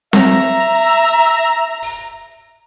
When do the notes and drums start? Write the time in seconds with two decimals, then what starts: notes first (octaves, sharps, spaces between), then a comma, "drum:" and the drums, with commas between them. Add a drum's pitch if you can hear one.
0.13 E5 A#5, drum: snare C4
1.83 drum: open hi-hat